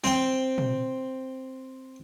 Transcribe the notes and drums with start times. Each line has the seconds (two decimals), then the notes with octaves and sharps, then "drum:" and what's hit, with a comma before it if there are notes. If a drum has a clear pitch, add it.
0.04 C4 G5, drum: snare
0.58 drum: tom A#2